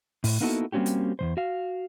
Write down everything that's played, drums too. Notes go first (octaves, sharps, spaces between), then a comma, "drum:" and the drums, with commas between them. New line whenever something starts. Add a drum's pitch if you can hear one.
A2, drum: open hi-hat
A#3 B3 D#4 E4 F#4 A4
G3 A#3 C4 C#4 F#4 G4
drum: hi-hat
E2 D#3 C5
F#4 F5